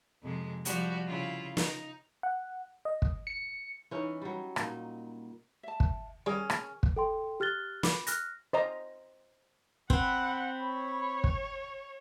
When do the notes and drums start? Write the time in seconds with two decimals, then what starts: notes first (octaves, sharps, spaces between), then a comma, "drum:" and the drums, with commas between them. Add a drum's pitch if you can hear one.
0.23 F2 C3 G#3
0.65 F3 G3 F#4, drum: hi-hat
1.07 C#3 E4 F4
1.57 D#4, drum: snare
2.23 F#5
2.85 D#5
3.02 drum: kick
3.27 C#7
3.91 E3 C#4 D#4
4.22 F#3 G3
4.56 A#2 D#4, drum: rim click
5.63 E5 A5
5.80 drum: kick
6.26 G3 C#4 G#4 A#4 G#5
6.50 drum: rim click
6.83 drum: kick
6.96 A4 G5 C6
7.40 G4 F6 F#6 A6 G7
7.83 B5 D6, drum: snare
8.07 F6 F#6 A#6, drum: hi-hat
8.53 C5 D#5 A#5
9.90 C4 F#5 B5, drum: kick
10.64 C#5
11.24 drum: kick